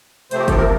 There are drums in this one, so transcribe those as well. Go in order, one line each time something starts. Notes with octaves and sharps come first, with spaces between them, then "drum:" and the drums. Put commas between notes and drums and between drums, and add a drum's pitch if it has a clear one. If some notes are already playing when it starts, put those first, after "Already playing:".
C3 F3 A3 C4 C5, drum: hi-hat
G4
A4, drum: kick, hi-hat
A#4